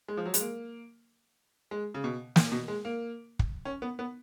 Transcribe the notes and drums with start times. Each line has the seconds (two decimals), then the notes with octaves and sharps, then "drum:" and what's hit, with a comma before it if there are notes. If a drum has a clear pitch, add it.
0.08 G#3
0.17 F3
0.25 F#3
0.34 G#3, drum: hi-hat
0.41 A#3
1.71 G#3
1.94 C#3
2.04 B2
2.36 A#2, drum: snare
2.52 B2
2.68 G#3
2.85 A#3
3.39 drum: kick
3.65 C#4
3.82 B3
3.99 B3